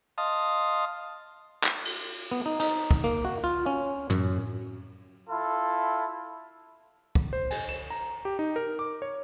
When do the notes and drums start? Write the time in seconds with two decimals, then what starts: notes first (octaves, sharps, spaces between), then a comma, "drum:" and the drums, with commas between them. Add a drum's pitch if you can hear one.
0.18 D#5 F5 A5 C6 D#6
1.64 drum: clap
1.85 drum: cymbal
2.32 B3
2.46 D#4
2.60 D#4, drum: cymbal
2.91 drum: kick
3.04 A#3, drum: hi-hat
3.25 F#4
3.44 F4
3.66 C#4
4.10 F#2, drum: tom
5.29 E4 F4 A4
7.15 drum: kick
7.33 C5
7.51 G#5, drum: cymbal
7.69 E7
7.90 A#5
8.25 G4
8.39 D#4
8.56 A#4
8.79 D6
9.02 C#5